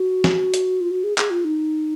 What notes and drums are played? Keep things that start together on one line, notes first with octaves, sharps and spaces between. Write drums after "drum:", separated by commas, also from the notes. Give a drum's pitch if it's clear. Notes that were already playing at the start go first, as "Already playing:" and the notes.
Already playing: F#4
drum: snare
drum: hi-hat
F4
F#4
G#4
G#4, drum: clap
F4
D#4